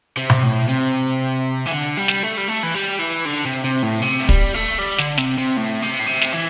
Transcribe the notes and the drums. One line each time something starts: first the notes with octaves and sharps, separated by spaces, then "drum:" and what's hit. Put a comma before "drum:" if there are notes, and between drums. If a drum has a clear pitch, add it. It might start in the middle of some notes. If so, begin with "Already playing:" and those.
C3
drum: tom B2
A2
C3
E3
D3
G3
drum: snare
A3
G3
A3
E3
G3
E3
D3
C3
C3
A2
C3
A3
G3, drum: kick
A3
G3
D3, drum: snare
C3, drum: snare
C3
A2
C3
A2
C3
drum: snare
E3